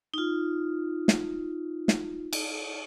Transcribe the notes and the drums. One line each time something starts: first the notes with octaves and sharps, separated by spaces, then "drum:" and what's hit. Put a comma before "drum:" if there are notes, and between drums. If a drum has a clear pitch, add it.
D#4 F4
drum: snare
drum: snare
drum: cymbal